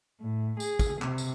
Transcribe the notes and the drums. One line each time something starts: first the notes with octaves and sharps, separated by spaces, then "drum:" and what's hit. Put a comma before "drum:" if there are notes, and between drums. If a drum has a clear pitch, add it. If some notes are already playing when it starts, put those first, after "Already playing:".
A2
G#4, drum: tambourine
drum: kick, tambourine
C3, drum: clap
drum: tambourine